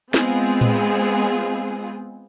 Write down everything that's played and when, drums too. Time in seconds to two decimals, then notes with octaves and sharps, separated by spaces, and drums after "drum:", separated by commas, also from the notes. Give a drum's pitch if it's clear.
0.14 G#3 B3 C4 F4 G#4, drum: snare
0.61 drum: tom A2